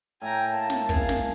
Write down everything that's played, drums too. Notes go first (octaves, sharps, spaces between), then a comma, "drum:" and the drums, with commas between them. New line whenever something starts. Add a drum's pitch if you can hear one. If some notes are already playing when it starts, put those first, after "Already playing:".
A2 G5 G#5 A#5
A#3 A5
drum: snare
G#4 A#4 F5, drum: kick
drum: snare